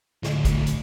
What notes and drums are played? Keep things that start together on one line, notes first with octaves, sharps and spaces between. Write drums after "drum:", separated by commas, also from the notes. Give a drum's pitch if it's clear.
D2 A2, drum: snare
drum: kick, hi-hat
drum: hi-hat